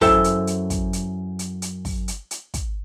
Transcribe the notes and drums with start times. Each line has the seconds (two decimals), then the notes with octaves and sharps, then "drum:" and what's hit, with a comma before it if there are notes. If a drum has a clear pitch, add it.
0.01 F#2 E4 A4 C5 E5 G5, drum: kick, open hi-hat
0.24 drum: hi-hat
0.47 drum: hi-hat
0.70 drum: kick, hi-hat
0.93 drum: hi-hat
1.39 drum: hi-hat
1.62 drum: hi-hat
1.85 drum: kick, open hi-hat
2.08 drum: hi-hat
2.31 drum: hi-hat
2.54 drum: kick, hi-hat